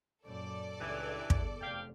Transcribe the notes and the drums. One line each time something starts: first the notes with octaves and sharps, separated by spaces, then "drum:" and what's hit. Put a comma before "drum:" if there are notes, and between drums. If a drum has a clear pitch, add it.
F#2 A#2 A4 D5
C#2 G2 E3
G1 E2, drum: kick
F1 G4 F5 G5